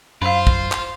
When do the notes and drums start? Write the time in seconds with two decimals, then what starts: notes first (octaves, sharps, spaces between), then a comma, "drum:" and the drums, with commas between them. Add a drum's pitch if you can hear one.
0.22 F#2 F4 C5 F5 B5
0.47 drum: kick
0.72 drum: clap